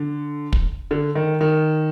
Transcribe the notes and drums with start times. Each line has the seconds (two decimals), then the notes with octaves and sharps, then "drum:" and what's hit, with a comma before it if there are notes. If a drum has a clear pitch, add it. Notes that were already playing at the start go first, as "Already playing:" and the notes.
Already playing: D3
0.53 drum: kick
0.91 D3
1.15 D#3
1.41 D#3